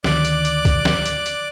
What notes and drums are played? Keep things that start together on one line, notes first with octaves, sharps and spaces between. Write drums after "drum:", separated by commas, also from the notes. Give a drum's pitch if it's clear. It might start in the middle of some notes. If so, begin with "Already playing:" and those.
D2 D#3 D5 D6 F#6, drum: snare
drum: hi-hat
drum: hi-hat
drum: kick C2, hi-hat
drum: snare
drum: hi-hat
drum: hi-hat